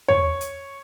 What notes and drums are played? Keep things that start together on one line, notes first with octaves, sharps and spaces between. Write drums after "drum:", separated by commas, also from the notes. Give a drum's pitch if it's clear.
C#5, drum: tom
drum: hi-hat